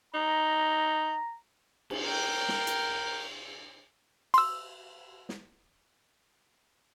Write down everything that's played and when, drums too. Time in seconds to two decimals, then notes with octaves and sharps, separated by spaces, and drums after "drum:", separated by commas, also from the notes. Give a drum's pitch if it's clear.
0.14 D#4 A#5
1.90 drum: cymbal
2.05 A#4 G5
2.49 drum: snare
2.67 drum: hi-hat
4.34 C6 E6, drum: cymbal
5.29 drum: snare